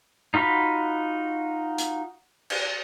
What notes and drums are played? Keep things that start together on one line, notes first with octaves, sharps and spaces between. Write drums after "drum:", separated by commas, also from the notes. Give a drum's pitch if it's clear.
D#4 F4 F#4 B5
drum: hi-hat
drum: cymbal